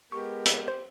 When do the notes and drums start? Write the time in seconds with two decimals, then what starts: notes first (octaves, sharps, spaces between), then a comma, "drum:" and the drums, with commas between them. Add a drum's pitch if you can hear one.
0.12 G#3 B3 G4 A#4 C#6
0.45 drum: hi-hat
0.68 C5